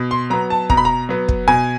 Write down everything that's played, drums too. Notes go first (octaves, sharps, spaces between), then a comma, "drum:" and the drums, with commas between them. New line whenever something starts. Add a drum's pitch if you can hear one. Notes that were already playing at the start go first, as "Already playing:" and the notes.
Already playing: B2
C6
F#3 B3 A#5
A5
B2 A#5, drum: kick
B5
A#5
F#3 B3
drum: kick
B2 G#5